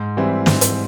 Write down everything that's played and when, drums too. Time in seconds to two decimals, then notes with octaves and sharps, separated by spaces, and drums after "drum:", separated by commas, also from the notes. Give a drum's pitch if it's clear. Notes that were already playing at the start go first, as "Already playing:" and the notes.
Already playing: G#2
0.17 E3 G3 C4 E4
0.46 G#2, drum: snare
0.61 drum: hi-hat